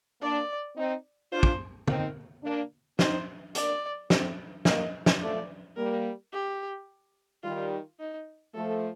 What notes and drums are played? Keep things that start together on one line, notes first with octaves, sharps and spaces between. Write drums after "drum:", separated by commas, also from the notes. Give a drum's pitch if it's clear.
A#3 D4 D5
C4 D#4
D4 F4 C5
drum: kick
C4 D#4 A#4, drum: tom
A#3 D4
C4 D#4 C5, drum: snare
A#3 D4 D5, drum: hi-hat
A3 C4, drum: snare
G3 A#3 D#5, drum: snare
drum: snare
F3 A3 D5
G3 A#3 A#4
G4
D#3 G3 F4
D#4
F3 A3 A4